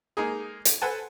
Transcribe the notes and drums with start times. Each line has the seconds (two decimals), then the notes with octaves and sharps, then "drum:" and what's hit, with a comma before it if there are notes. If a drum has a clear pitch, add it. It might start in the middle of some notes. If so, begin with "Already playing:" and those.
0.17 G#3 A#3 D#4 G#4
0.65 drum: hi-hat
0.82 A4 B4 C5 F#5 G#5 A5